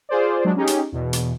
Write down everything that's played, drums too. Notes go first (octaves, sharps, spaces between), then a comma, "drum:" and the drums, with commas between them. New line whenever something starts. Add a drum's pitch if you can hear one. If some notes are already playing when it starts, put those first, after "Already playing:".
F4 G#4 C5 D5
F#3 G#3 D4
C#4 D#4 G4 G#4
drum: hi-hat
E2 B2
drum: hi-hat